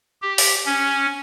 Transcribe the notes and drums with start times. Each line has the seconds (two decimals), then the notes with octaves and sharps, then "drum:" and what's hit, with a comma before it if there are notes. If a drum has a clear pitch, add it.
0.22 G4
0.38 drum: open hi-hat
0.66 C#4